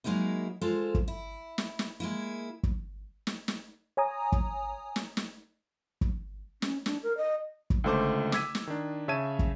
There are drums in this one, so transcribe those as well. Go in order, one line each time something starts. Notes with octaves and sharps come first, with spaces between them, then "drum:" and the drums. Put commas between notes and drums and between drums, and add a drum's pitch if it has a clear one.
F#3 G#3 A#3 D#4 E4
G#3 F4 A4 C5
drum: kick
E4
drum: snare
drum: snare
G#3 A#3 E4
drum: kick
drum: snare
drum: snare
C#5 G#5 A#5 D#6
drum: kick
drum: snare
drum: snare
drum: kick
C#4, drum: snare
D4, drum: snare
A#4
D#5
drum: kick
C#2 D3 A3 C5 D6
D6 E6 G#6 B6 D#7, drum: snare
drum: snare
D#3 D4
C#3 C#5 E5 A5 G#6 D#7
drum: kick